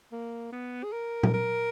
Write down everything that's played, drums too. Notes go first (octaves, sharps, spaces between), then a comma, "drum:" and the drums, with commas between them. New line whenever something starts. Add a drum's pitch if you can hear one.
A#3
B3
G#4
A#4
drum: tom A#2
A#4